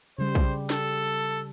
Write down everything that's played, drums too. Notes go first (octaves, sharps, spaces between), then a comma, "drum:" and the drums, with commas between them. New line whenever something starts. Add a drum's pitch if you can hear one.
C#3 G3 C5
drum: kick B1, tambourine
A4, drum: snare
drum: tambourine